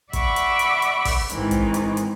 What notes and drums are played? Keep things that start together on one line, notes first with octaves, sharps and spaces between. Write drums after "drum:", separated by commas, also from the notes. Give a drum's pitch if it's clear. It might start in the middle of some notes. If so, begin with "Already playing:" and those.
D5 E5 F#5 B5 C#6 D6, drum: kick, hi-hat
drum: hi-hat
drum: hi-hat
drum: hi-hat
drum: kick, open hi-hat
G#2 D#3 E3 C4, drum: hi-hat
drum: kick, hi-hat
drum: hi-hat
drum: hi-hat